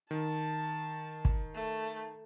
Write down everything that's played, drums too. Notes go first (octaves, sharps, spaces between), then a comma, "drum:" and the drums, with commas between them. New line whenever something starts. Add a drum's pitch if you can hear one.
D#3 A5
drum: kick
A3